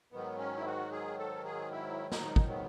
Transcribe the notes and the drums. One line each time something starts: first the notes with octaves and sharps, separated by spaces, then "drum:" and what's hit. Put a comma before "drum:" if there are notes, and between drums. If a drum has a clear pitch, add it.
G#2 D#3 F#3 B3
C#4
E4
F#4
G#4
A4
G#4
E4
D#4, drum: snare
drum: kick
B3